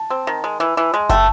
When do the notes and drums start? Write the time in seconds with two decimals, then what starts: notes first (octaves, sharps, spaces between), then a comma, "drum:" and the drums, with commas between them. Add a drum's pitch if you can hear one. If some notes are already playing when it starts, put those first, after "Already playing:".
Already playing: A5
0.10 C4
0.27 D#3
0.44 G#3
0.60 E3
0.77 E3
0.94 G#3
1.09 A3 G5 A5, drum: kick F#1, hi-hat